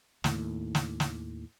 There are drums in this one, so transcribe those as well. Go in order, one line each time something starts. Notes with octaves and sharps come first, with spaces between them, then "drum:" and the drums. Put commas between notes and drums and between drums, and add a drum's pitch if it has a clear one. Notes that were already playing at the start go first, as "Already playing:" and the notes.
D#2 A2, drum: snare
drum: snare
drum: snare